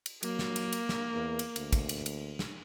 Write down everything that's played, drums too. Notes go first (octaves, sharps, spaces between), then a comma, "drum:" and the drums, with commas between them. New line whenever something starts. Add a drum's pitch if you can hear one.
drum: cymbal
F#3 A#3, drum: cymbal
drum: snare
drum: cymbal
drum: cymbal
drum: snare
E2
drum: cymbal
D2, drum: cymbal
drum: kick, cymbal
drum: cymbal
drum: cymbal
drum: snare